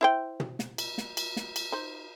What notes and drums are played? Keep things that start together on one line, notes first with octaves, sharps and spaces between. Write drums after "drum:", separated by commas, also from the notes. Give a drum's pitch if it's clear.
E4 C5 G5
drum: tom
drum: snare
drum: cymbal
drum: snare
drum: cymbal
drum: snare
drum: cymbal
D#4 C5